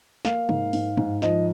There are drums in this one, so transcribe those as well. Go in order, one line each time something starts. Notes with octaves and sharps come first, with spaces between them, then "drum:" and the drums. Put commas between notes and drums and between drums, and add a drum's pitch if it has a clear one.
A#3 F5, drum: snare
G#2, drum: tom C3
G#2, drum: open hi-hat
G#2, drum: tom G2
F3 D#5, drum: snare